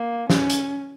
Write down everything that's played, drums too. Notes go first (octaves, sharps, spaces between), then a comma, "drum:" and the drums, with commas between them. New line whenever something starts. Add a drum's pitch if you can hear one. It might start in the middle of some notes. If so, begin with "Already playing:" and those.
Already playing: A#3
C#4, drum: snare
drum: hi-hat